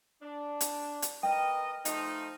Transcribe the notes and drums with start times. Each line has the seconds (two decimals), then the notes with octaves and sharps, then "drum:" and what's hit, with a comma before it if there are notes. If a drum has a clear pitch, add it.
0.22 D4
0.61 drum: hi-hat
1.02 drum: hi-hat
1.23 A#4 B4 D#5 G5
1.85 F3 A3 D#4, drum: hi-hat